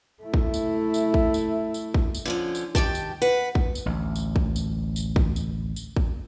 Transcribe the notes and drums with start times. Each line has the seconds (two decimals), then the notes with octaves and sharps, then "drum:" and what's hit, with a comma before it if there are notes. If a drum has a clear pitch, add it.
0.23 A3 E4
0.34 drum: kick
0.54 drum: tambourine
0.94 drum: tambourine
1.14 drum: kick
1.34 drum: tambourine
1.74 drum: tambourine
1.94 drum: kick
2.15 drum: tambourine
2.25 D3 F3 C#4
2.55 drum: tambourine
2.75 D#3 G4 G5 A5, drum: kick
2.95 drum: tambourine
3.22 B4 F#5
3.55 drum: kick
3.75 drum: tambourine
3.86 A1 D2
4.16 drum: tambourine
4.36 drum: kick
4.56 drum: tambourine
4.96 drum: tambourine
5.16 drum: kick
5.36 drum: tambourine
5.76 drum: tambourine
5.96 drum: kick